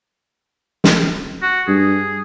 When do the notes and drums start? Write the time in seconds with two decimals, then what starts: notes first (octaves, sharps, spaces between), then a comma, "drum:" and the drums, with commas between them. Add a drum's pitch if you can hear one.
0.84 drum: snare
1.42 F#4
1.68 G2 G#4